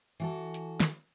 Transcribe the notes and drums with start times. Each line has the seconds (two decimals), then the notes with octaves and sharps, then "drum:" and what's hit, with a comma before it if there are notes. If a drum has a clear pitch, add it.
0.20 E3 F#4 A4
0.54 drum: hi-hat
0.80 drum: snare